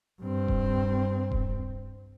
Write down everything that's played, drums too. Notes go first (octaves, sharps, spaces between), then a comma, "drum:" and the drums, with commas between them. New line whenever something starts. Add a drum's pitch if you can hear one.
G2 C4
drum: kick D#1
drum: kick D#1